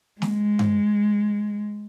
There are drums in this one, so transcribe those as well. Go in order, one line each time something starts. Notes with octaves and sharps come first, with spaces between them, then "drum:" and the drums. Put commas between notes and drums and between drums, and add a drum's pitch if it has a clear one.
G#3, drum: snare
drum: tom G2